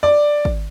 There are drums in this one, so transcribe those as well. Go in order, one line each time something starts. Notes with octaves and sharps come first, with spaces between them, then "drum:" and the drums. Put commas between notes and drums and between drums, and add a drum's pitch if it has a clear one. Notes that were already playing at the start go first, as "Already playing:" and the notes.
D5
drum: kick G#1